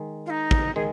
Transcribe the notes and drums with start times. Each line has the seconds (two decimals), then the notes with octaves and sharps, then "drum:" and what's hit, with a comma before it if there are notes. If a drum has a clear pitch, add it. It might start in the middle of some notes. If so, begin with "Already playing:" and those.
Already playing: D#3 G#3
0.26 F4
0.30 D#4
0.51 drum: kick
0.76 D#3 G#3 G#4